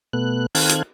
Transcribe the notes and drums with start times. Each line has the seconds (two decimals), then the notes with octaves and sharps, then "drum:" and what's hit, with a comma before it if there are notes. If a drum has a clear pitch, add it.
0.13 B2 A3 B3 F#6
0.55 D#3 C4 A4 F5 F#6 G#6, drum: open hi-hat
0.69 drum: hi-hat